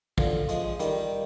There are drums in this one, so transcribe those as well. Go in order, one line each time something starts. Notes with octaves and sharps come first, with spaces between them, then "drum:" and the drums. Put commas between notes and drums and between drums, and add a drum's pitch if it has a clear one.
D3 F3, drum: kick
F3 G#3, drum: hi-hat
D#3 G3, drum: hi-hat